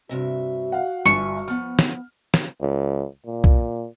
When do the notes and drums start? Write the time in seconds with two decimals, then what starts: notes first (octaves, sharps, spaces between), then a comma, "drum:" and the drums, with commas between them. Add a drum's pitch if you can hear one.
0.09 G2 C3 F#4 E5
0.72 F5 F#5
1.05 G1 D4 E5 G#5 C#6
1.48 F3 B3 F6
1.79 drum: snare
2.34 drum: snare
2.61 C#2
3.26 A#2
3.44 drum: kick